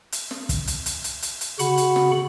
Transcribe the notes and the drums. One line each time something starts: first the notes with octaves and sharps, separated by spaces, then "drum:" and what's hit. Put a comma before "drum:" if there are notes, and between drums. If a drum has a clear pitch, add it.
drum: hi-hat
drum: snare
drum: kick, hi-hat
drum: hi-hat
drum: hi-hat
drum: hi-hat
drum: hi-hat
drum: hi-hat
C#3 F#4 F#5 B5, drum: hi-hat
drum: hi-hat
drum: snare